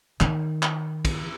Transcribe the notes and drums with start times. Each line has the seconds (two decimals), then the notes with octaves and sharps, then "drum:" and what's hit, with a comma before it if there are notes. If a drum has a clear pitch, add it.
0.21 D#3, drum: clap
0.63 drum: clap
1.05 drum: kick, cymbal